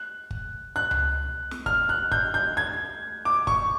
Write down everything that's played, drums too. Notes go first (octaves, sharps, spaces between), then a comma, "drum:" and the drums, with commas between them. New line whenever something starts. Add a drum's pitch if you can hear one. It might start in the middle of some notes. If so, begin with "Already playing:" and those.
Already playing: F#6
drum: kick G1
F#6
drum: tom C#2
drum: snare
F6, drum: kick G1
F#6
G6, drum: kick G1
G6
G#6
D6
C#6, drum: kick G1